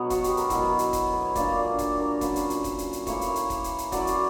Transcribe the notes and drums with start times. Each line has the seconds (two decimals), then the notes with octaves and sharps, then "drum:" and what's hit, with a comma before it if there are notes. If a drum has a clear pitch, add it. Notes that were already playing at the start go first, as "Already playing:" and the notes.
Already playing: B2 F#3 B3 C#5
0.10 F#4, drum: kick D#1, hi-hat
0.24 G4, drum: hi-hat
0.37 A#4, drum: hi-hat
0.50 B2 F#3 B3 E4 B4, drum: kick D#1, hi-hat
0.79 drum: hi-hat
0.93 drum: kick D#1, hi-hat
1.13 B4
1.25 C#5
1.35 A#2 A#3 D4 D5, drum: kick D#1, hi-hat
1.57 D5
1.78 C#5, drum: kick D#1, hi-hat
2.00 A#4
2.21 A#2 F#3 C#4 B4, drum: kick D#1, hi-hat
2.36 drum: hi-hat
2.50 drum: hi-hat
2.64 drum: kick D#1, hi-hat
2.78 drum: hi-hat
2.93 drum: hi-hat
3.07 E3 A#3 E4 C#5, drum: kick D#1, hi-hat
3.21 drum: hi-hat
3.36 drum: hi-hat
3.50 drum: kick D#1, hi-hat
3.64 drum: hi-hat
3.78 drum: hi-hat
3.92 F#3 C#4 E4 D5, drum: kick D#1, hi-hat
4.07 drum: hi-hat